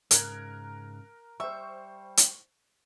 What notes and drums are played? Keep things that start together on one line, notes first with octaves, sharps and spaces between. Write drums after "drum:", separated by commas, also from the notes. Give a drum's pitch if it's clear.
G#2 C#3 A#4 F#6 G#6, drum: hi-hat
G3 C5 E5 C#6
drum: hi-hat